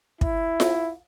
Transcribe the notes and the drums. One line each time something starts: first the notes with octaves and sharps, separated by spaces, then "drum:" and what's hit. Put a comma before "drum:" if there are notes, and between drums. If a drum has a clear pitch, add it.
E4, drum: kick
drum: snare F4